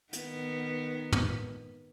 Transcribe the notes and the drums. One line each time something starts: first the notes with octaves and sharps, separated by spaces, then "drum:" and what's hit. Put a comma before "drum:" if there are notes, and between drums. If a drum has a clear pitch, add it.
D#3 B3, drum: hi-hat
drum: tom